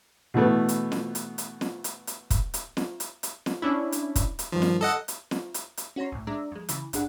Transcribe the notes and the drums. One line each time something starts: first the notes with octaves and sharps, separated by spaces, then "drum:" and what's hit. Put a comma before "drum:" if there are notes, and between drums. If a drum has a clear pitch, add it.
B2 E3 A3 B3
drum: hi-hat
drum: snare
drum: hi-hat
drum: hi-hat
drum: snare
drum: hi-hat
drum: hi-hat
drum: kick, hi-hat
drum: hi-hat
drum: snare
drum: hi-hat
drum: hi-hat
drum: snare
C#4 D4 E4
drum: hi-hat
drum: kick, hi-hat
drum: hi-hat
G2 D#3 F3
drum: snare
A4 D#5 F#5
drum: hi-hat
drum: snare
drum: hi-hat
drum: hi-hat
C#4 F#4 C#5 A#5 C6
C2 A2
G#3 D4 D5 E5 A#5
F2 G#3
C#3 E3, drum: hi-hat
G#1 D4 G#4 F#5, drum: hi-hat